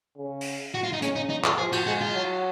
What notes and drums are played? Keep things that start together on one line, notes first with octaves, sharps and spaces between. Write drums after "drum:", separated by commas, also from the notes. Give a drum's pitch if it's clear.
C#3
drum: open hi-hat
F#4
F4
D#4
C#3 C#4, drum: hi-hat
D#4
D#4
F4, drum: clap
F3 G#4
F#4, drum: cymbal
G#3 F#4
F4
F#3